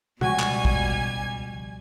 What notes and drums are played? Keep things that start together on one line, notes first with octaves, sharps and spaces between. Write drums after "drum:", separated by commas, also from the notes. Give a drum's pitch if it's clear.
C#2 B2 F3 G3 G#3 F#4 G#5 G#6, drum: tom
drum: clap
drum: kick